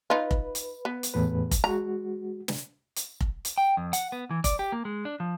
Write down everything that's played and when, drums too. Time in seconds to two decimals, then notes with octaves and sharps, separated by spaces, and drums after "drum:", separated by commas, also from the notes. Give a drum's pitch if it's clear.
0.10 D#4 F4 B4
0.31 drum: kick F1
0.55 drum: hi-hat
0.85 B3
1.03 drum: hi-hat
1.14 E2 A2 B4
1.51 drum: kick F1, hi-hat
1.64 G#3 F#4 A#5
2.48 drum: snare
2.96 drum: hi-hat
3.21 drum: kick F1
3.45 drum: hi-hat
3.58 G5
3.77 F2
3.93 F#5, drum: hi-hat
4.12 B3
4.31 E3
4.44 D5, drum: kick F1, hi-hat
4.59 G4
4.72 A#3
4.85 G#3
5.05 D4
5.20 F3